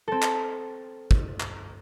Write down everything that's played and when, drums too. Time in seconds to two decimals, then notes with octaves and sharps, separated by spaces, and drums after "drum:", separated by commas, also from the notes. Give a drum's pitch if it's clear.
0.08 C4 A4
0.22 drum: clap
1.11 drum: kick
1.40 drum: clap